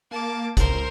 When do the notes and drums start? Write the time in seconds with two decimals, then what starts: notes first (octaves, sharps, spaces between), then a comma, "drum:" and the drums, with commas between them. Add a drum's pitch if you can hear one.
0.11 A#3 A5 D6
0.57 C#2 A#4 C5, drum: kick, hi-hat